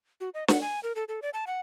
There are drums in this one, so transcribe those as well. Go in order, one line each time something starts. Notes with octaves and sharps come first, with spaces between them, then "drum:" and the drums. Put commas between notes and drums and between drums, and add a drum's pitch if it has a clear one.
F#4
D#5
F#5, drum: snare
G#5
A#4
A4
A4
D5
A5
F#5